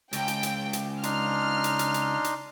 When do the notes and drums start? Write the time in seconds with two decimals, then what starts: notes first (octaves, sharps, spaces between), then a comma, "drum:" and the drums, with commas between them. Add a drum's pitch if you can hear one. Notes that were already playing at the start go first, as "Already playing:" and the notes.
0.13 C#2 G5, drum: hi-hat
0.28 drum: hi-hat
0.43 drum: hi-hat
0.73 drum: hi-hat
1.03 D4 D#4 C6 F6, drum: hi-hat
1.64 drum: hi-hat
1.79 drum: hi-hat
1.94 drum: hi-hat
2.24 drum: hi-hat